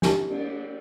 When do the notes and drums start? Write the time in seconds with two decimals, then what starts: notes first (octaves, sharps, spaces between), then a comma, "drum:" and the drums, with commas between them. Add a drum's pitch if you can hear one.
0.02 B3 D4 E4 G4 A5, drum: snare
0.29 drum: cymbal